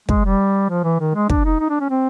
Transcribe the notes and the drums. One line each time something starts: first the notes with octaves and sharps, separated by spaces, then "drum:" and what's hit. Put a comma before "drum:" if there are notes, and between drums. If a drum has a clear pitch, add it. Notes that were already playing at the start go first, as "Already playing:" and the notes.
G#3, drum: kick
G3
F3
E3
D#3
G#3
D4, drum: kick
D#4
D#4
D4
C#4
C4